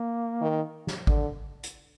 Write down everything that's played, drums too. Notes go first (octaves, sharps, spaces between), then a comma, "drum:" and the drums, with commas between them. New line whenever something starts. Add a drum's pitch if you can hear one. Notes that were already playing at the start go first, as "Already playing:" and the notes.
Already playing: A#3
D#3
drum: snare
D3, drum: kick G#1
drum: hi-hat